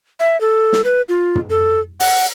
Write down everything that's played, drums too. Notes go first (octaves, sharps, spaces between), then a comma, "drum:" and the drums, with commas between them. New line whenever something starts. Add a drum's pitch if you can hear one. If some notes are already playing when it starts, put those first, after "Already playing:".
E5
A4
drum: snare
B4
F4
drum: tom
A4
F#5, drum: open hi-hat